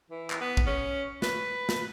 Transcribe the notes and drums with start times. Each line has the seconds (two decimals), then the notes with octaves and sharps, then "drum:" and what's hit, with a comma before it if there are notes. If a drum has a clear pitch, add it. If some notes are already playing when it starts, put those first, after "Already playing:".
0.10 E3
0.30 drum: clap
0.41 B3
0.57 drum: kick
0.67 C#4
1.22 B4, drum: snare
1.69 drum: snare